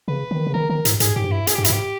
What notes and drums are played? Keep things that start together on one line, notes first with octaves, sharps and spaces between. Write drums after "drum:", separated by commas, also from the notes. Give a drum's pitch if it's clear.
C#3 B4
D#3
C#3
D#3 A#4
D#3 A#4
G#2, drum: hi-hat
G#2 G#4, drum: hi-hat
G#2 G4
G2
E4
G#4, drum: hi-hat
G2 G4
E4, drum: hi-hat
G#2
G4